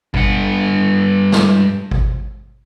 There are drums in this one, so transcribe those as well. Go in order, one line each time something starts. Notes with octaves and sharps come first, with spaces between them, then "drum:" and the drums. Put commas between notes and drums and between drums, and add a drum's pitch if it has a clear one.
G2 F#5, drum: kick G#1
drum: snare
drum: kick G#1